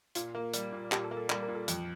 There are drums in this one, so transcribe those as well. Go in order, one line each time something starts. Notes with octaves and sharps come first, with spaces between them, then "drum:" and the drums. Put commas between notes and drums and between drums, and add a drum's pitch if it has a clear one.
A#2 F4, drum: hi-hat
A#3
G3, drum: hi-hat
A#2
A#2 G4, drum: clap
A4
A#3
A4
G3 A#4, drum: clap
A#4
A#2
A4
F2, drum: hi-hat